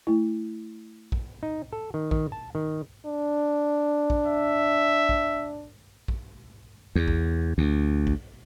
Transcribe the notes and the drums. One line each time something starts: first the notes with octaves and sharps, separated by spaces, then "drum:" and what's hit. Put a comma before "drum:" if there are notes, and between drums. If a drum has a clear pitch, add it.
A3 E4
drum: kick
D#4
A4
D#3
D#3, drum: kick
A5
D#3
D4
drum: kick
E5
drum: kick
drum: kick
E2
drum: kick
D2
drum: kick